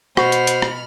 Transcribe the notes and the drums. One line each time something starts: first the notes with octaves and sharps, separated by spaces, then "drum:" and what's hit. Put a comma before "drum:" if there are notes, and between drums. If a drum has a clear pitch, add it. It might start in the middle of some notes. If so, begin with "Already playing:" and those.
B2 F#4 C5 B5 F6, drum: rim click
drum: hi-hat
drum: hi-hat
drum: rim click